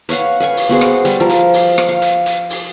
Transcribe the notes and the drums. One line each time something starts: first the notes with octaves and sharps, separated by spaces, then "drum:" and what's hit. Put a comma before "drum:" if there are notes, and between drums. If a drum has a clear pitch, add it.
B4 C#5 F5 F#5, drum: hi-hat
B4 F5 G#5 C#6
drum: open hi-hat
B3 F#4 G#4 C5
drum: rim click
G3, drum: hi-hat
F3 A#4
drum: hi-hat
drum: open hi-hat
drum: rim click
F5
drum: hi-hat
drum: hi-hat
drum: open hi-hat